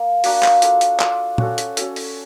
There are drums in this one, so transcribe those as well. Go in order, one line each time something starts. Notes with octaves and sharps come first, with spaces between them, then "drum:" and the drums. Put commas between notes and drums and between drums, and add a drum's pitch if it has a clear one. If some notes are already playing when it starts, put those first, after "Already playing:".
Already playing: A#3
A#3 D4 F#4, drum: open hi-hat
drum: clap
D4 F4 A4, drum: hi-hat
drum: hi-hat
D4 F4 A4, drum: clap
C#4 F#4 A4, drum: tom
drum: hi-hat
C#4 F#4 A4, drum: hi-hat
drum: open hi-hat